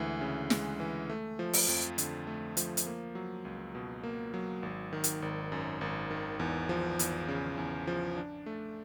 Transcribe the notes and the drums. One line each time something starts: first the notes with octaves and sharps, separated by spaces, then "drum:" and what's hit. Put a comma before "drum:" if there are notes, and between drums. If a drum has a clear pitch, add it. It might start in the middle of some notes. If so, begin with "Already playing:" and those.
Already playing: D2 E3 G#3
C#3
G#3, drum: snare
E3
A3
F3
drum: open hi-hat
F2
D3, drum: hi-hat
A3
F3, drum: hi-hat
drum: hi-hat
A#3
F#3
C#2
B2
A#3
F#3
G#1
D#3
drum: hi-hat
G#1
F#2
G#1
D#3
E2
F3
E2, drum: hi-hat
C#3
E2
F3
D4
A3